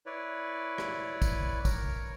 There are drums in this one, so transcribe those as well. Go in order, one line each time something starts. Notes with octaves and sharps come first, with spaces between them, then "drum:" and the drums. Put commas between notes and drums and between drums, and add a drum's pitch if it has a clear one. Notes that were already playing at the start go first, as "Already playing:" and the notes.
E4 B4 C#5 D5
drum: rim click
drum: kick, tambourine
A#4 C#5, drum: kick, tambourine